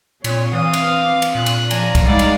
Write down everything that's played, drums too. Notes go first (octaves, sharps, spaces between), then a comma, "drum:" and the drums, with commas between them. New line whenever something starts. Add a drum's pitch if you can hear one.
A#2 C4 C#5, drum: cymbal
E3 F5 D#6
drum: cymbal
D6
drum: cymbal
A#2 F#6
drum: cymbal
F3 D5 G#5 A#5, drum: cymbal
drum: kick, cymbal
G3 G#3 D#4 D5 F5 F#5
drum: cymbal